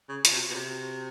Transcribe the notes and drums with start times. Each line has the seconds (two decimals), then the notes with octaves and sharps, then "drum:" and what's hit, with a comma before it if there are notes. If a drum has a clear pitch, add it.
0.09 C#3
0.25 F4, drum: hi-hat
0.32 C3
0.35 F#4
0.44 F4
0.50 B2
0.55 C3 F#4